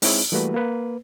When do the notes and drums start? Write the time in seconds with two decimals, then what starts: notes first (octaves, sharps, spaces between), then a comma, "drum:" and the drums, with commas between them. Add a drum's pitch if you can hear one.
0.02 G#3 C4 D#4 E4 G#4 C#5, drum: open hi-hat
0.32 E3 G3 A3 A#3 F#4 B4
0.54 A#3 B4